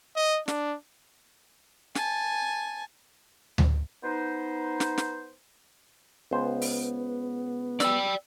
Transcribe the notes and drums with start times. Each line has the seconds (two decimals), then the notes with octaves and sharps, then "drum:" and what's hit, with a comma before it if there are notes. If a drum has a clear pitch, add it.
0.16 D#5
0.48 D4, drum: snare
1.95 G#5 A5, drum: snare
3.58 drum: tom D2
4.03 B3 D#4 C5
4.80 drum: snare
4.98 drum: snare
6.31 C#2 B3 C5
6.62 drum: open hi-hat
7.80 D5 G5 E6, drum: snare